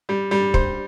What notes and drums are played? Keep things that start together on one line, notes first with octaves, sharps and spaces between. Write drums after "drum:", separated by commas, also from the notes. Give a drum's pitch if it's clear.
G3
G3
C5, drum: kick